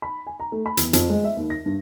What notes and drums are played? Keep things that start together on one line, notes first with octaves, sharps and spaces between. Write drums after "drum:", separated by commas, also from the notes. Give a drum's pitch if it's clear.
B5
G#5
A#5
A3
B5
E2, drum: hi-hat
F2, drum: hi-hat
G#3
E5
D#2
A#6
G2